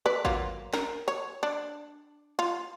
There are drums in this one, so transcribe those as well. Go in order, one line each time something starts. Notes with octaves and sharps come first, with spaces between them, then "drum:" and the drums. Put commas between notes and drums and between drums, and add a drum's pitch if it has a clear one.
B4 D5
F#3 A#3 F4, drum: kick G#1
A#4, drum: snare
C#5
D4
F4